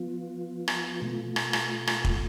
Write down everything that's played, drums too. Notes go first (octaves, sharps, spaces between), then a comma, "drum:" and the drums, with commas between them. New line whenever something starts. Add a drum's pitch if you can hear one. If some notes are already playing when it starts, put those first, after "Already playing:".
Already playing: F3 B3 F4
drum: rim click
B2 A3 F4
drum: rim click
drum: rim click
drum: rim click
drum: kick